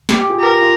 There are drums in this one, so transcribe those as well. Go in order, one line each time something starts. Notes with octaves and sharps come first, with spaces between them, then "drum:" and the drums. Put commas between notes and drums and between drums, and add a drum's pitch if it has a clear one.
G4, drum: snare
G4
F4 G#4
G4 A#4
F4